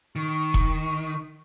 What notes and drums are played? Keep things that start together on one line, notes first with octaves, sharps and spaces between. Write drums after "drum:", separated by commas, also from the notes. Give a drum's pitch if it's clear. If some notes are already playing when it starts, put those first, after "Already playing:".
D#3 C#6
drum: kick E1